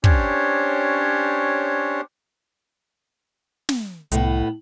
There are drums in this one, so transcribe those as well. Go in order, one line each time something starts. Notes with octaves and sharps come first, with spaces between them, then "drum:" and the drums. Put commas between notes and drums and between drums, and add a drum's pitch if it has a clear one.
C#4 D4 G4 C5 C#5, drum: kick
drum: snare
C2 A2 B3, drum: hi-hat